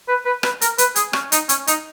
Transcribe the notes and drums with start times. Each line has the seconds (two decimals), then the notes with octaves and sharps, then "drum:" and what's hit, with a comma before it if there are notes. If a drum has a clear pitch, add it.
0.08 B4
0.25 B4
0.43 B4, drum: rim click
0.61 A#4, drum: hi-hat
0.78 B4, drum: hi-hat
0.96 G#4, drum: hi-hat
1.13 C#4, drum: rim click
1.32 D#4, drum: hi-hat
1.49 C#4, drum: hi-hat
1.67 D#4, drum: hi-hat